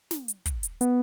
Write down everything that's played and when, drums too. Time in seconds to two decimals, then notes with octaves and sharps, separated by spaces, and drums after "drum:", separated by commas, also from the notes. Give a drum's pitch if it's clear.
0.11 drum: snare
0.28 drum: hi-hat
0.46 drum: kick, hi-hat
0.63 drum: hi-hat
0.81 B3, drum: hi-hat